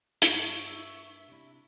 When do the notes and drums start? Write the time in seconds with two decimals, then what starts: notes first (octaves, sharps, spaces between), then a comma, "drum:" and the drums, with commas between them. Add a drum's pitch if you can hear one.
0.22 G2 A#3 C#6, drum: hi-hat
0.68 E5
1.28 C3 D4 E4